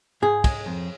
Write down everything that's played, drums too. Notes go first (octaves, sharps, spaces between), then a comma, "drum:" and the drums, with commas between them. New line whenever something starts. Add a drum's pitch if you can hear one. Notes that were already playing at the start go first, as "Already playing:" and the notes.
G#2 G#4
G#3, drum: kick, cymbal
F2